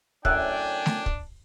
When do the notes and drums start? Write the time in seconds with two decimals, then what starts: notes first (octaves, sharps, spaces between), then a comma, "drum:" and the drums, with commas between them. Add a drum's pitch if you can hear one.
0.25 F#2 A2 D4 D5 G5 G#5 E6 F#6, drum: kick
0.86 drum: snare
1.06 drum: kick